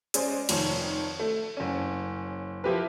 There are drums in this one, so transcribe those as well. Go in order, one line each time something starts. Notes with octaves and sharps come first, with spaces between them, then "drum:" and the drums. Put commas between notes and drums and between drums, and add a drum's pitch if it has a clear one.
G#3 C#4 G#4 C5 D5, drum: hi-hat
F1 D#3 F3 C#5, drum: cymbal
A3
F#1 C#4
F3 E4 G4 A#4 B4